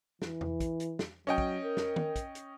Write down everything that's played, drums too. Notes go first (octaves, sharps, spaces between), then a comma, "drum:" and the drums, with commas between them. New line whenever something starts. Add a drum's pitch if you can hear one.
E3, drum: snare
drum: tom E2
drum: kick, hi-hat
drum: hi-hat
drum: snare
F#3 C#4 D#5 G5
drum: kick
A#4
drum: snare
drum: tom D#3
drum: kick, hi-hat
drum: hi-hat